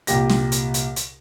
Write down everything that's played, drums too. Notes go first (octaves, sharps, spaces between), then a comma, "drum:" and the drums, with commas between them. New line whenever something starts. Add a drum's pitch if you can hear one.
C2 A#2 G4 A#6, drum: hi-hat
drum: snare
drum: hi-hat
drum: hi-hat
drum: hi-hat